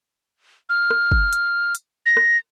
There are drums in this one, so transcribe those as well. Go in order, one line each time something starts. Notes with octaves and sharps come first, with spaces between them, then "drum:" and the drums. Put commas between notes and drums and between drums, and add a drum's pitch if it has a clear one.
F6
drum: rim click
drum: kick
drum: hi-hat
drum: hi-hat
A#6
drum: rim click